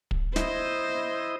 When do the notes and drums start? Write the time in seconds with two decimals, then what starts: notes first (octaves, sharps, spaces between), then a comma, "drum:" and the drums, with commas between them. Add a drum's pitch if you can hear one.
0.11 drum: kick
0.36 E4 C5 D#5, drum: snare